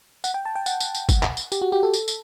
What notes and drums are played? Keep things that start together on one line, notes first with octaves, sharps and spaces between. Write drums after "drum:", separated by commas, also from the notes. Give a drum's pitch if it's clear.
F#5, drum: tambourine
G5
A5
G5
F#5, drum: tambourine
drum: tambourine
drum: tambourine
drum: kick, tambourine
drum: clap
drum: tambourine
G4, drum: tambourine
F#4
G4
A4
drum: tambourine
drum: tambourine